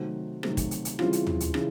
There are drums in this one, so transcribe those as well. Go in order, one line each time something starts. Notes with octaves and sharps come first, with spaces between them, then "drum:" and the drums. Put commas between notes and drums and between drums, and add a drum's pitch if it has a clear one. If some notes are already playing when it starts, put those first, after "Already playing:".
Already playing: C3 D#3 F#3 A3 C4 F#4
C3 D#3 F#3 A3 C4, drum: rim click
drum: kick, hi-hat
drum: hi-hat
drum: hi-hat
C#3 E3 G3 C4 F4, drum: rim click
drum: hi-hat
drum: tom
drum: hi-hat
C#3 E3, drum: rim click